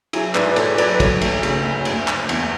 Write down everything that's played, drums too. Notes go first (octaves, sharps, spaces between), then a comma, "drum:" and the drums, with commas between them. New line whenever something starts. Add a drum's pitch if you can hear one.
F#3 E4 G#4, drum: cymbal
G#2 B4 D5, drum: clap
D5
G#1 A4 C#5, drum: cymbal
F#3 B4 D5, drum: cymbal
F#3 A4 C#5, drum: kick, cymbal
D2, drum: cymbal
C#3, drum: cymbal
D2
F#1, drum: cymbal
F#1, drum: clap
E2, drum: cymbal